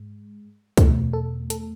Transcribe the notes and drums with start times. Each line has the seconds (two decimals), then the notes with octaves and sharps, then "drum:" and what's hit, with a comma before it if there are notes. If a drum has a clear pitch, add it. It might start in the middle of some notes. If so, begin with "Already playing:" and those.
Already playing: G#2 G#3
0.77 E2 B2 A3, drum: kick, hi-hat
1.13 A4
1.50 A4, drum: hi-hat